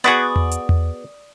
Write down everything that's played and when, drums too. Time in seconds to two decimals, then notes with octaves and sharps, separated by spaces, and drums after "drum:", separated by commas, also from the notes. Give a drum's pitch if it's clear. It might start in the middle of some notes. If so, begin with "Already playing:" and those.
0.04 B3 F#4 G#4 D5 C#6 D#6
0.36 drum: tom E2
0.51 drum: hi-hat
0.69 drum: tom E2